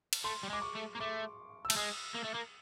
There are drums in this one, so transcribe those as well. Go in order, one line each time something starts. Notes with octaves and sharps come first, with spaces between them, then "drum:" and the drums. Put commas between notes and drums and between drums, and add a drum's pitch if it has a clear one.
drum: cymbal
A3 C6
G3
G#3
D6
C#6
A3
A#3
A3 D6
E6
A3, drum: cymbal
G#3 D#6
A#3
A3
A#3